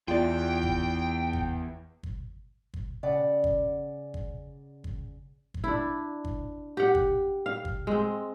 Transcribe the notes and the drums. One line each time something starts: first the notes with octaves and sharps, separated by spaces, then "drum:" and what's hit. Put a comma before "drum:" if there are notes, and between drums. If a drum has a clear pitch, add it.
E2 F4 D5 G5
drum: kick G1
drum: kick G1
drum: kick G1
drum: kick G1
C#3 D5 F#5
drum: kick G1
drum: kick G1
drum: kick G1
drum: kick G1
D4 E4
drum: kick G1
G4 F#5
drum: kick G1
F5
drum: kick G1
G#3 C4